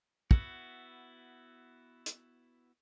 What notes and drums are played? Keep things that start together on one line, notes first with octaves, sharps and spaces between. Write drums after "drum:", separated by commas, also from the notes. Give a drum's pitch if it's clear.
B3 E4 F#4, drum: kick
drum: hi-hat